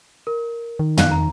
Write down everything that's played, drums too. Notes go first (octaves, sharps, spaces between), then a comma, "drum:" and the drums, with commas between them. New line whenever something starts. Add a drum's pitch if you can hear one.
A#4
D#3
F5 F#6, drum: tom
A#5